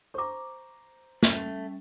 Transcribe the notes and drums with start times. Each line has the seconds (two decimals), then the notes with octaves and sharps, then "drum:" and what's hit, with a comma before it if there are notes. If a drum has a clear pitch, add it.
0.14 C5 A#5 C#6 D6
1.23 G3 A3 C#4, drum: snare